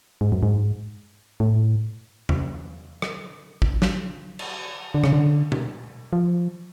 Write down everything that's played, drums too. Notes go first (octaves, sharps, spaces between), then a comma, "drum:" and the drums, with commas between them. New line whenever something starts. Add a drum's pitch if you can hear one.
G#2
F#2
G#2
A2
drum: tom E2
drum: rim click
drum: kick A1
drum: snare
drum: cymbal
D3
C#3, drum: rim click
D3
drum: tom B2
F3